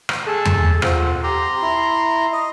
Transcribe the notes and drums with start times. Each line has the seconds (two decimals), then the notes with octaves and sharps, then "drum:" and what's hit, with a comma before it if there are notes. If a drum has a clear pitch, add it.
0.09 drum: rim click
0.26 G#4 A4 A5
0.45 drum: tom E2
0.82 C4 F4 F#5, drum: rim click
1.23 G4 A#5 C6
1.62 E4
2.33 D#5